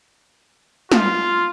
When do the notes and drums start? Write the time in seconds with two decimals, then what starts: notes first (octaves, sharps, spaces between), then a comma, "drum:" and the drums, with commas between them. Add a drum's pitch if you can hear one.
0.92 F4, drum: snare